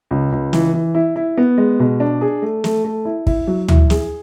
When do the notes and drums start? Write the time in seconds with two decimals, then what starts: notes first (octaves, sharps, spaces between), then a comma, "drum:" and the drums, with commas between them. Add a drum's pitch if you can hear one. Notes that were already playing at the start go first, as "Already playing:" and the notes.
0.11 C#2
0.32 C#2
0.53 E3, drum: snare
0.73 E3
0.95 E4
1.16 E4
1.37 B3
1.58 G#3
1.80 B2
2.00 D4
2.21 G#4
2.42 A3
2.64 A3, drum: snare
2.84 A3
3.05 E4
3.27 E4, drum: kick
3.47 F#3
3.68 E4, drum: tom D2
3.90 G#4, drum: snare